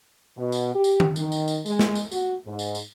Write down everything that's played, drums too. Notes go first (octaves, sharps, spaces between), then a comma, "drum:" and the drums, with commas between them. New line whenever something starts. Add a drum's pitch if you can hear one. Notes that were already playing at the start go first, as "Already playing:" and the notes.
B2
drum: tambourine
G4
drum: tambourine
drum: tom D#3
D#3, drum: tambourine
drum: tambourine
drum: tambourine
G#3, drum: tambourine
drum: snare
drum: tambourine
F#4, drum: tambourine
G#2
drum: tambourine
drum: tambourine